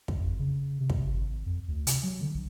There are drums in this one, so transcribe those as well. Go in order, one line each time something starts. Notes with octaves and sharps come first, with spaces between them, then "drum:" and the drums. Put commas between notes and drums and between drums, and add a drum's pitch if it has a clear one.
drum: kick
F2
C#3
C3
drum: kick
G#1
F2
D2
C3, drum: hi-hat
F#3
D3
A#1